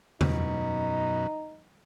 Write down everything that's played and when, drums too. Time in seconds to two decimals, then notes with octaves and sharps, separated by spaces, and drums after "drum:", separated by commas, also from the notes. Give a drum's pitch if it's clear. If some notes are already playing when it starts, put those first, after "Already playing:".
0.21 F#2 B2 D#4, drum: tom